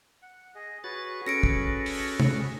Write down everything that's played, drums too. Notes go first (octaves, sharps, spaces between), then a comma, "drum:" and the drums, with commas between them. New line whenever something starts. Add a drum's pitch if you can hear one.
F#5
G#4 D#5
F#4 G#4 B4 C#5 A6
C#4 F#4 A4 A#6 C#7 D7
drum: kick
drum: open hi-hat
drum: tom C3